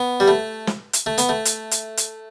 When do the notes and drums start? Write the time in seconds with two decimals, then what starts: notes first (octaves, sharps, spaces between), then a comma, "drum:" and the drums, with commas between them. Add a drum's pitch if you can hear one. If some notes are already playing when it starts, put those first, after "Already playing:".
Already playing: B3
0.20 G3
0.28 A3
0.67 drum: snare
0.93 drum: hi-hat
1.06 A3
1.18 B3, drum: hi-hat
1.29 A3
1.45 drum: hi-hat
1.71 drum: hi-hat
1.97 drum: hi-hat